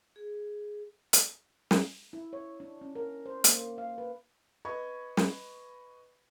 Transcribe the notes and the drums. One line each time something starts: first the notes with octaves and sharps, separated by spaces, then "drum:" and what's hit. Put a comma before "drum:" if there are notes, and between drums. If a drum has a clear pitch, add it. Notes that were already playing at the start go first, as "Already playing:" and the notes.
G#4
drum: hi-hat
drum: snare
E4
C#5
D4
C#4
A#4
C5
A#3, drum: hi-hat
F5
B4
B4 D#5 B5 C#6 G#6
drum: snare